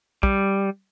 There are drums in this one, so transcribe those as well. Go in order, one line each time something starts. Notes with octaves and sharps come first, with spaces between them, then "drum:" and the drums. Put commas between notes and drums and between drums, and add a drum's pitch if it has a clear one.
G3, drum: kick